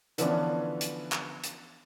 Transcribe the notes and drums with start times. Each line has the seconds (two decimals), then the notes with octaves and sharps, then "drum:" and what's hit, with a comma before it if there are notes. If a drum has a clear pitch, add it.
0.18 D3 E3 F3 B3 C#4 D4, drum: hi-hat
0.81 drum: hi-hat
1.12 drum: clap
1.43 drum: hi-hat